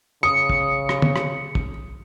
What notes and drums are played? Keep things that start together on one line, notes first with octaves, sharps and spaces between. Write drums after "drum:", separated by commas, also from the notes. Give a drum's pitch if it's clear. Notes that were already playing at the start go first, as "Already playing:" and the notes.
C#3 D#6 C#7
drum: kick
drum: rim click
drum: tom
drum: rim click
drum: kick